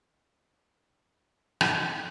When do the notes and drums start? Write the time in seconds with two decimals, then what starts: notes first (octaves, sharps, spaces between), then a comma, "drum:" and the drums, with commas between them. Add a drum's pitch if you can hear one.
0.23 D#2 A#2 D#3 C4 G4 A#4 F5 B5
1.61 drum: rim click